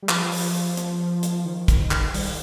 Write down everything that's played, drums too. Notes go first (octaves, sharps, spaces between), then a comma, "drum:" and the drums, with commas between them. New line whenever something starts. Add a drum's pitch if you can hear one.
G3
F3, drum: clap
drum: open hi-hat
drum: hi-hat
drum: hi-hat
D#3
drum: kick, hi-hat
D#3
drum: clap
G3, drum: open hi-hat